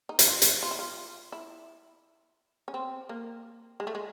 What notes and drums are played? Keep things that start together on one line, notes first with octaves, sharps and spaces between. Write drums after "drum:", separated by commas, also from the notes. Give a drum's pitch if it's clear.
D#4
E4, drum: hi-hat
F4
drum: hi-hat
F4
E4
F4
E4
C#4
C4
A#3
G#3
A3
G#3